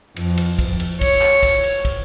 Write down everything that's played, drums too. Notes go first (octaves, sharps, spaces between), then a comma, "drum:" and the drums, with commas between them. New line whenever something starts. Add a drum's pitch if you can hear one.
F2, drum: cymbal
drum: cymbal
drum: kick, cymbal
drum: cymbal
C#5, drum: kick, cymbal
drum: clap
drum: kick, cymbal
drum: cymbal
drum: kick, cymbal